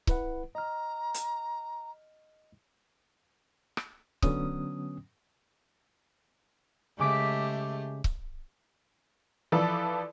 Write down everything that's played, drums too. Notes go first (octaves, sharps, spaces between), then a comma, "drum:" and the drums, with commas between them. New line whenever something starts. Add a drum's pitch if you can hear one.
E4 B4 F#5, drum: kick C#1
D#5 A#5 F6
drum: hi-hat
drum: rim click
D3 F#3 B3 C#4 D#6, drum: kick C#1
C#3 G#3 A3 G4 D6 B6
drum: kick C#1
E3 F3 A4 B4 D5